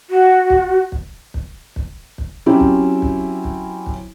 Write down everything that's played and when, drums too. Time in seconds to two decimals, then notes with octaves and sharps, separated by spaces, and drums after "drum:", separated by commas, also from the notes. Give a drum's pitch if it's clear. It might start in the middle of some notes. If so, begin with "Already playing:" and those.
0.10 F#4
0.50 drum: kick
0.92 drum: kick
1.34 drum: kick
1.76 drum: kick
2.18 drum: kick
2.46 F#3 C4 C#4 E4 G4
2.60 drum: kick
3.02 drum: kick
3.44 drum: kick
3.86 drum: kick